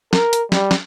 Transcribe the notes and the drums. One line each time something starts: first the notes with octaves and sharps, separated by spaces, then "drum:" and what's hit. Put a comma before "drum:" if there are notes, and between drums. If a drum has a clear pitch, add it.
A#4, drum: snare
drum: hi-hat
G3, drum: snare
drum: snare